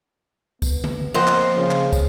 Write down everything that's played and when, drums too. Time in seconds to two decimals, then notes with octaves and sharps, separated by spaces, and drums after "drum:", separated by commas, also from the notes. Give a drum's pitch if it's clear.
0.62 B3, drum: kick, tambourine
0.84 drum: tom C#3
1.14 F3 A#3 C4 C5 D#5 F#5
1.27 drum: clap
1.56 C#3
1.71 drum: clap
1.93 drum: kick, tambourine